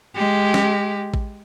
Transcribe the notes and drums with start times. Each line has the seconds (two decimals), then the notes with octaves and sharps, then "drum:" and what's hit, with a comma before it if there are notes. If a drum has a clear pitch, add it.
0.14 G#3 G4
0.54 drum: snare
1.14 drum: kick A1